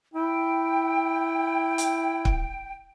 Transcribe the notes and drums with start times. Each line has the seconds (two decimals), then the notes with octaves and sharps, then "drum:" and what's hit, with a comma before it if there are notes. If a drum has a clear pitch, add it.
0.14 E4 G5
1.78 drum: hi-hat
2.25 drum: kick